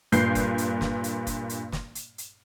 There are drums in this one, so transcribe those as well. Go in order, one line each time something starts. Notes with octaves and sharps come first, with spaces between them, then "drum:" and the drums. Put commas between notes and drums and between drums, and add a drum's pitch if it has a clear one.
G2 A#2 B4 G6 C7, drum: hi-hat
drum: kick F#1, hi-hat
drum: hi-hat
drum: snare
drum: hi-hat
drum: kick F#1, hi-hat
drum: hi-hat
drum: snare
drum: hi-hat
drum: hi-hat